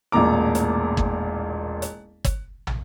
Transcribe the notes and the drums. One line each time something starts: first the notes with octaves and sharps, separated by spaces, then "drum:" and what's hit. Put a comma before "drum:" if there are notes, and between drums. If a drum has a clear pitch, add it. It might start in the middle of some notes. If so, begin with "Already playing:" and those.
E1 A1 A#2 A#5 D6
drum: hi-hat
drum: kick
drum: hi-hat
drum: kick, hi-hat
drum: tom